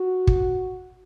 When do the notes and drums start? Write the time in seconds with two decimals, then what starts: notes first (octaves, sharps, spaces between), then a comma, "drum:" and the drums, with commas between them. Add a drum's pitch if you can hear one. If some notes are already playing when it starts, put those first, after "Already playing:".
Already playing: F#4
0.27 drum: kick